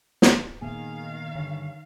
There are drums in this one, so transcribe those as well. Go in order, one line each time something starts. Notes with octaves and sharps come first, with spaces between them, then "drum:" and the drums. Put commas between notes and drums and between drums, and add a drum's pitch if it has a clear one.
drum: snare
A#2 D#3 A#3 B3 G#4 F5
G2 D3 C#4